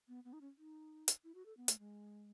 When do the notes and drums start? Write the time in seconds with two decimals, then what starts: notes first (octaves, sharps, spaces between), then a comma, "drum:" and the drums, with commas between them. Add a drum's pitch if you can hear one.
0.08 B3
0.25 B3
0.33 D#4
0.41 C#4
0.58 D#4
1.08 drum: hi-hat
1.24 E4
1.35 F#4
1.46 A4
1.57 B3
1.68 A3, drum: hi-hat
1.79 G#3